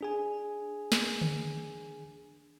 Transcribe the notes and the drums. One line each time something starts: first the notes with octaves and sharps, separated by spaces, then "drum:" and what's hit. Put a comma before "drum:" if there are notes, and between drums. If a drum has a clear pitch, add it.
D4 G#4 G#5
drum: snare
drum: tom D3